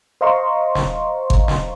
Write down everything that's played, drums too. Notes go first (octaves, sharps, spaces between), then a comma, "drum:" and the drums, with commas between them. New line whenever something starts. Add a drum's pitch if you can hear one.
C5 D#5 F5 A#5 C6 C#6
drum: snare
drum: kick G#1
drum: snare